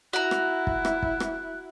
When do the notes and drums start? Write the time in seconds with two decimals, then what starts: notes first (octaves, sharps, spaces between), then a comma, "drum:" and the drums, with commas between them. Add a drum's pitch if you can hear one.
0.13 E4 F#4 A#5 F#6
0.31 drum: rim click
0.67 drum: kick
0.85 drum: rim click
1.03 drum: kick
1.20 drum: rim click